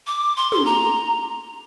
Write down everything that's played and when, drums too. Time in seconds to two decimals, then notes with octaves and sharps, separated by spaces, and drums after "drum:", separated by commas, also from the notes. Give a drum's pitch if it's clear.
0.07 D6
0.37 C6
0.52 C6, drum: tom
0.66 A#5